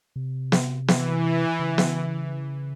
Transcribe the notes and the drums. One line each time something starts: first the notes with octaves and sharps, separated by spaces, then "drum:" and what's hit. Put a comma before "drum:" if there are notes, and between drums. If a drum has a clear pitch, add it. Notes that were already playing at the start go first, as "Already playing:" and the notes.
C3
drum: snare
E3, drum: snare
C#3
drum: snare